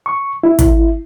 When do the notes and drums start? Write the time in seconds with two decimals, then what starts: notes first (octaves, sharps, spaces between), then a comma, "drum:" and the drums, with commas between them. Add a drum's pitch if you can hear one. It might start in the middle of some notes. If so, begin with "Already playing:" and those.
0.06 C#6
0.43 E4
0.59 drum: kick, hi-hat